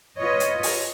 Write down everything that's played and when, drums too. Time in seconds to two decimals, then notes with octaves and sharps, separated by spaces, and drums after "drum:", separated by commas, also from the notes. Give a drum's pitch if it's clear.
0.19 F4 B4 C#5 D#5
0.40 drum: hi-hat
0.63 drum: open hi-hat